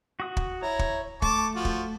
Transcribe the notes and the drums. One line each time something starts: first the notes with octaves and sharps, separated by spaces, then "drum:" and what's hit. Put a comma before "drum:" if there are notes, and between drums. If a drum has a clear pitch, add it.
F#4 D#6
drum: kick
E4 C#5 A#5
drum: kick
A3 A5 C#6 D6, drum: kick
F3 F4 F#4
drum: kick